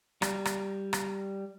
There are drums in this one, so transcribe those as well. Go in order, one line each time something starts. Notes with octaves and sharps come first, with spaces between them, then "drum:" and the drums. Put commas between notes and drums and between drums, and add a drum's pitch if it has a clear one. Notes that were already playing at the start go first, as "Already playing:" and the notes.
G3, drum: rim click
drum: rim click
drum: rim click